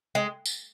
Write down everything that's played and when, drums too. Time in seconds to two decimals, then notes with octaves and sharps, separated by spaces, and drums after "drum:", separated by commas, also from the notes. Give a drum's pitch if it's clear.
0.15 G#3
0.46 drum: tambourine